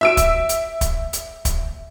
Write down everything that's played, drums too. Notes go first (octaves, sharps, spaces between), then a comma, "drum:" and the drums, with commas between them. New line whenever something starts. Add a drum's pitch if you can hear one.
E5 E6 D7
drum: kick, hi-hat
drum: hi-hat
drum: kick, hi-hat
drum: hi-hat
drum: kick, hi-hat